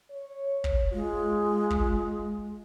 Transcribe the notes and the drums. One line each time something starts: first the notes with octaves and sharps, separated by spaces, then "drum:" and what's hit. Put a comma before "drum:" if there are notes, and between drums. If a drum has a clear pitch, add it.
C#5
drum: kick
G#3 F4
drum: kick